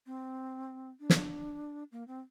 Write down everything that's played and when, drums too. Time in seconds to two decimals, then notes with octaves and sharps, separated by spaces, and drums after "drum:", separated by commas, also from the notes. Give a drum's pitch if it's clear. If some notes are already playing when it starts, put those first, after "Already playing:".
0.06 C4
1.00 D4
1.10 drum: snare
1.92 A#3
2.08 C4